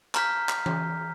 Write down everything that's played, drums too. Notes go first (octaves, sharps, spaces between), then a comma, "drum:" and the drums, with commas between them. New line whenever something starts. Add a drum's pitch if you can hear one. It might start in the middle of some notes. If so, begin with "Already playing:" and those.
A#5 F6 G6 B6, drum: clap
drum: clap
drum: tom E3